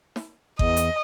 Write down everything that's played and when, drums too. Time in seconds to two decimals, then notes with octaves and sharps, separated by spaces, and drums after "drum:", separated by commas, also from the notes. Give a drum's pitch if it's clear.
0.16 drum: snare
0.59 E2 D#5, drum: kick G1
0.77 drum: hi-hat